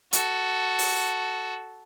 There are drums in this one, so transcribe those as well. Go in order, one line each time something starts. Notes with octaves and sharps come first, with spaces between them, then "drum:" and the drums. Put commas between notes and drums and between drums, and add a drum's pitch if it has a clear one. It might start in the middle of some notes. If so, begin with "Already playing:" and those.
F#4 A4, drum: hi-hat
drum: open hi-hat